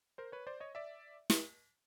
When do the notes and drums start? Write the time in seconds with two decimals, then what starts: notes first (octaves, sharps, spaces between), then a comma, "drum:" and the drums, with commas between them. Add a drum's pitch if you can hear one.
0.18 A#4 C5
0.32 B4 C#5
0.47 C5 D5
0.60 C#5 D#5
0.75 D5 E5
1.30 drum: snare